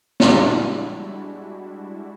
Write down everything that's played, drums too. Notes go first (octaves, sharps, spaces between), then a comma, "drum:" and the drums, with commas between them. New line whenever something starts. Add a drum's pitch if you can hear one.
G3 G#3 D4 E4 F#4, drum: snare